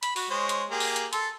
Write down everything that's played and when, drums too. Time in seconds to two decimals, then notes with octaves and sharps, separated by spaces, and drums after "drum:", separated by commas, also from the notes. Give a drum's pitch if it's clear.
0.03 B5, drum: hi-hat
0.16 F#4, drum: open hi-hat
0.30 G#3 C5 C#5
0.49 drum: hi-hat
0.71 A#3 G4 G#4
0.80 drum: open hi-hat
0.96 drum: hi-hat
1.13 A4 C6, drum: hi-hat